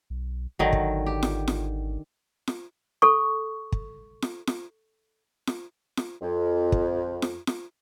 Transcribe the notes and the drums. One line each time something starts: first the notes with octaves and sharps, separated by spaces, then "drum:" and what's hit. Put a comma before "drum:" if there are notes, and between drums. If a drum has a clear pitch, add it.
B1
G#1 D3 D#3 F#3
drum: kick
G4
drum: snare F4
drum: snare F4
drum: snare F4
A4 C#6
drum: kick
drum: snare F4
drum: snare F4
drum: snare F4
drum: snare F4
F2
drum: kick
drum: snare F4
drum: snare F4